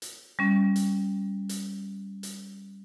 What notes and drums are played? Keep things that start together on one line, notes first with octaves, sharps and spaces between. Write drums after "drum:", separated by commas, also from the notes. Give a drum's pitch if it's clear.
drum: hi-hat
G3 C#4
drum: hi-hat
drum: hi-hat
drum: hi-hat